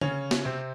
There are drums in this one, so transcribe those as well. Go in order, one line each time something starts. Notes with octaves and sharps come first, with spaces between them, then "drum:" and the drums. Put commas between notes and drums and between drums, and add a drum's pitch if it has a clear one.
C#3 C#4, drum: tom D3
drum: snare
C3 C4